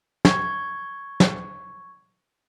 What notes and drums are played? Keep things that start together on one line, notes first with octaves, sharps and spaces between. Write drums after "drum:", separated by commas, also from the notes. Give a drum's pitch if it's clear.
C#6 G#6, drum: snare
drum: snare